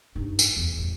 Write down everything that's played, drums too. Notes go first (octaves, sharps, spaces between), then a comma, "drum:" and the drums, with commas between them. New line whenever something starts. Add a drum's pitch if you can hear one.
G2 D#4
drum: tambourine
E2
A1 G2